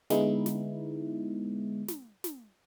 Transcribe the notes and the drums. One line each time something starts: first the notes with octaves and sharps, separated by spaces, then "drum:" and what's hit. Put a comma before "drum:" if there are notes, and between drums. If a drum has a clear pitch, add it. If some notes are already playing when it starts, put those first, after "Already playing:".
D3 G#3 B3 D#4 E4, drum: snare
drum: snare
drum: snare
drum: snare